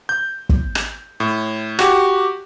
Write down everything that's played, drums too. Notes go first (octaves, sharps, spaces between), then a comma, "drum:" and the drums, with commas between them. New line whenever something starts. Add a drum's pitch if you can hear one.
G6
drum: kick
drum: rim click
A2
F#4 G4, drum: rim click